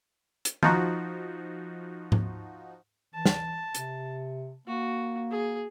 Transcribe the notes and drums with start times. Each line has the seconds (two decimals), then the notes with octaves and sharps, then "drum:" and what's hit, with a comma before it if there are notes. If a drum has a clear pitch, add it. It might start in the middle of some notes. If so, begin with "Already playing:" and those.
0.45 drum: hi-hat
0.63 F3 D#4 F#4, drum: tom
2.12 drum: tom G#2
3.14 E3 A5
3.26 drum: snare
3.75 C3, drum: hi-hat
4.68 A#3 F#4
5.31 G#4